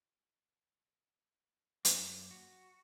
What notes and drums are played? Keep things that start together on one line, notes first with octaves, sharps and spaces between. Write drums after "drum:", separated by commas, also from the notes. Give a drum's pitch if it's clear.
F#2 A#3, drum: hi-hat
F#4